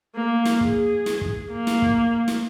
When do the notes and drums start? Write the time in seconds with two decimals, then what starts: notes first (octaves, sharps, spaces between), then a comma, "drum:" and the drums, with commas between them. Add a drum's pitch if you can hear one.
0.15 A#3
0.45 drum: snare
0.61 G#4, drum: kick
1.06 drum: snare
1.21 drum: kick
1.52 A#3
1.67 drum: snare
1.82 drum: kick
2.28 drum: snare